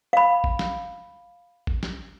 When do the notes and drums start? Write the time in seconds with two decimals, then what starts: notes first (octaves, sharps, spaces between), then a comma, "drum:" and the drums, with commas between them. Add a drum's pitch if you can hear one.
0.13 F5 B5
0.44 drum: kick G#1
0.59 drum: snare
1.67 drum: kick G#1
1.83 drum: snare